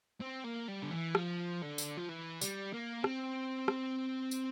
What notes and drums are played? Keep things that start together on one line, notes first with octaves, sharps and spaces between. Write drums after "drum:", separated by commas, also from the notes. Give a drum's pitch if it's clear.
C4
A#3
G3
D3
E3
F3, drum: rim click
D3
drum: tambourine
F3
E3
G3, drum: tambourine
A#3
C4, drum: rim click
drum: rim click
drum: tambourine